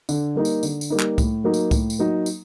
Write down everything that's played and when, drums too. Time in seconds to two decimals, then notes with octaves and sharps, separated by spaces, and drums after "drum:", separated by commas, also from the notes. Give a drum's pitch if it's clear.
0.09 D3, drum: tambourine
0.36 G3 A#3 D#4
0.45 drum: tambourine
0.63 D3, drum: tambourine
0.81 drum: tambourine
0.90 G3 A#3 D#4
0.99 drum: clap
1.18 A2, drum: kick C2, tambourine
1.44 F#3 A#3 D#4
1.54 drum: tambourine
1.71 A2, drum: kick C2, tambourine
1.90 drum: tambourine
1.99 F#3 A#3 D#4
2.26 drum: tambourine